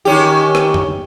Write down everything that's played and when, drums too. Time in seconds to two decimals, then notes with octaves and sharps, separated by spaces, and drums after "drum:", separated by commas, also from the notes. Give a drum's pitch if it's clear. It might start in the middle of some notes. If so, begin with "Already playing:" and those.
0.05 D#3 C#4 G4
0.55 drum: rim click
0.74 drum: tom F2